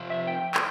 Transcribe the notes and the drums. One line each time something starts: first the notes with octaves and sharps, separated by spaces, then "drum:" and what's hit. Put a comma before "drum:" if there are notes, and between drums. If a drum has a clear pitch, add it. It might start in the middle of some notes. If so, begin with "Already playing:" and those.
Already playing: C3 F3 C4 F4
E5
G5
G5, drum: clap